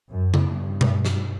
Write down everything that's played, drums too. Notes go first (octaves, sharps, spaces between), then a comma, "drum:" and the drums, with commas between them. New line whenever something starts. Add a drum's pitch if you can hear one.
F#2
drum: tom C#3
G2
drum: tom B2
drum: snare